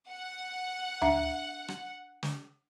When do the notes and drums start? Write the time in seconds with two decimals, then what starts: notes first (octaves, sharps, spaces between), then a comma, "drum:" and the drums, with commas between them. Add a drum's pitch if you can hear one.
0.10 F#5
1.01 D4 E5, drum: tom D2
1.68 drum: rim click
2.23 drum: snare